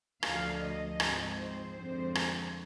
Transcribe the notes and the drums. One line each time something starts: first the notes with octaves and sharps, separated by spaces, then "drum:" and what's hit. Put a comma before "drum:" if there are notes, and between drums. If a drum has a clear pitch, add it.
D2 D3 F3 F5, drum: rim click
D#5
G#2 F3 G#3 C4, drum: rim click
C5
F2 D3 F3 G#3 C4
drum: rim click